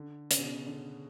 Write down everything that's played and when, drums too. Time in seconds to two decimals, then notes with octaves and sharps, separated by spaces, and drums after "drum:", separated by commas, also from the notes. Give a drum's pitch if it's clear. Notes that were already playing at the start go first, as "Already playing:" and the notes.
Already playing: D3
0.31 C#3, drum: hi-hat
0.38 B2
0.44 C#3
0.67 D3